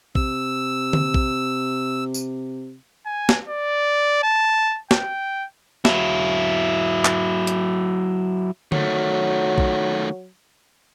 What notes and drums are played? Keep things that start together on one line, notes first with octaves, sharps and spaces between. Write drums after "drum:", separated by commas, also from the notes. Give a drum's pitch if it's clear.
C3 E6, drum: kick A#1
drum: tom D3
drum: kick A#1
drum: tambourine
G#5
drum: snare
D5
A5
G5, drum: snare
F#3 E4, drum: snare
drum: clap
drum: hi-hat
D#3 F#3 A3, drum: tom D3
drum: kick A#1